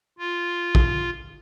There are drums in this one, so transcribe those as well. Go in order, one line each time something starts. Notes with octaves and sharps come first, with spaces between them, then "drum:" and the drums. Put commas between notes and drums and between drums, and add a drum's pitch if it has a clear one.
F4
drum: kick